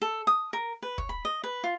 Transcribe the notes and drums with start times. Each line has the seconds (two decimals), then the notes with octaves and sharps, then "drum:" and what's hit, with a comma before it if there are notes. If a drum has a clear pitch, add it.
0.02 A4
0.27 D#6
0.53 A#4
0.83 B4
0.98 C#5, drum: kick
1.09 B5
1.25 D#5
1.44 B4
1.64 F4